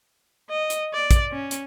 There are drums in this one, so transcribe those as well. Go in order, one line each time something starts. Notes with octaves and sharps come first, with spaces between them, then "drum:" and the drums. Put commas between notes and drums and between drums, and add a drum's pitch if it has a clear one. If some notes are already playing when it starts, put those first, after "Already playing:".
D#5
drum: hi-hat
D5
drum: kick, hi-hat
C#4
drum: hi-hat